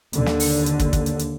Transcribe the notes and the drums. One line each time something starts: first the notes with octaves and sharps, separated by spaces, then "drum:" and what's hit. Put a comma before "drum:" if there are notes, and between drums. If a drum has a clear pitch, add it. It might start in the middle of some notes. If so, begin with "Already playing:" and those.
D#2 D3, drum: hi-hat
drum: snare
drum: open hi-hat
drum: hi-hat
drum: kick, hi-hat
drum: kick, hi-hat
drum: hi-hat
drum: hi-hat